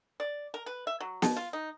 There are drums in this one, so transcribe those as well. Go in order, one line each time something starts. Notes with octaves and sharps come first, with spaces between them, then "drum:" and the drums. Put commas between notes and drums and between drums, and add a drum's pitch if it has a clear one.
D5
A#4
B4
E5
F#3
B2, drum: snare
F4
D#4